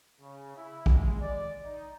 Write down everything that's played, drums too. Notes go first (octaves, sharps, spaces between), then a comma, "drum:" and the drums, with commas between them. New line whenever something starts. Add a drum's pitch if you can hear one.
C#3
E4
G#3, drum: kick
D5
D#4